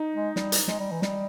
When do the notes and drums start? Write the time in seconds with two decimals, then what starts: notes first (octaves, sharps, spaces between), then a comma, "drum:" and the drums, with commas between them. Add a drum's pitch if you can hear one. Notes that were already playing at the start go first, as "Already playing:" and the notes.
Already playing: D#4
0.15 G#3
0.36 G3, drum: snare
0.52 drum: hi-hat
0.68 G#3, drum: snare
0.79 G3
0.92 E3
1.02 G3, drum: snare